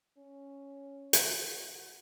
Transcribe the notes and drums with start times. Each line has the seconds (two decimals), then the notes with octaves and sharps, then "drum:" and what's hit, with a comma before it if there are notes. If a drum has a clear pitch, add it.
0.18 C#4
1.13 drum: hi-hat
1.50 F#4